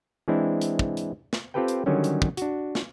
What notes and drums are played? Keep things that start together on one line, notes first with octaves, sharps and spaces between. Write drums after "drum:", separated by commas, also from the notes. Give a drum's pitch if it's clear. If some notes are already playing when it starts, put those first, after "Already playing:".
E3 G#3 C4 D4 E4
drum: hi-hat
drum: kick
drum: hi-hat
drum: snare
C4 F4 G4 A4 B4 G5
drum: hi-hat
D3 D#3 F#3 G3 C#4
drum: hi-hat
drum: kick
D4 F#4, drum: hi-hat
drum: snare